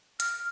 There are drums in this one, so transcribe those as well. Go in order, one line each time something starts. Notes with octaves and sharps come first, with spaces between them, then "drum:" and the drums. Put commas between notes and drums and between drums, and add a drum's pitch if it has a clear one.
F6, drum: hi-hat